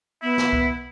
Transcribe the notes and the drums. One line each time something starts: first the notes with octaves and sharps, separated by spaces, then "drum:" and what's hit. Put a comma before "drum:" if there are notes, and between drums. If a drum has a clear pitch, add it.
B3 E4
drum: snare
drum: kick C2